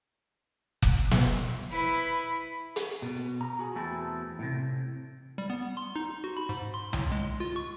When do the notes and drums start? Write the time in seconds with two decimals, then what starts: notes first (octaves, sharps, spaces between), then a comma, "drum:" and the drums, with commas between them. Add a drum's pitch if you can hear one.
0.82 drum: kick F1
1.11 drum: snare
1.71 E4 B4
2.76 drum: hi-hat
3.02 B2
3.41 A#5
3.59 F#4 G#4
3.75 E2 A3 C4 E4 F#4 A5
4.39 A2 C3
5.38 G3
5.50 B3
5.77 C6
5.96 D#4
6.24 F#4
6.37 B5
6.49 G#2
6.74 C6
6.93 A2, drum: tom C2
7.12 G#3
7.40 F4
7.56 C#6